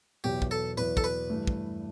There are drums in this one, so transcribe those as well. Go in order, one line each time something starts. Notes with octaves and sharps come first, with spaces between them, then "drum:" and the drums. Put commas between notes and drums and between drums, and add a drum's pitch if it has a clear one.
E2 B2 F#3 B3 E4 G4
drum: kick
A4
E2 B2 F#3 B3 E4 B4
A4, drum: kick
B4
G2 E3 A3
drum: kick